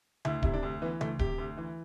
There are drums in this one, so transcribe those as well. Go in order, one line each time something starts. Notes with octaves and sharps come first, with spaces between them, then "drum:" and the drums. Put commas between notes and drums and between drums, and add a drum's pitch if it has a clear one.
D2 E4, drum: tom C#3
C3 E4, drum: kick D1
D4
D2
E3 B3
D2 A3, drum: tom C#3
C3 G4, drum: kick D1
D2
E3